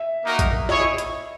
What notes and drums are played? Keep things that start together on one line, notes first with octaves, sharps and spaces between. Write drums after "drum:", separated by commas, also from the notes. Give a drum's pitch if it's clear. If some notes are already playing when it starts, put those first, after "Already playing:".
Already playing: E5
A#3 D#4 F#4 A#4
drum: kick, hi-hat
E4 G#4 C#5 D#5, drum: snare
drum: hi-hat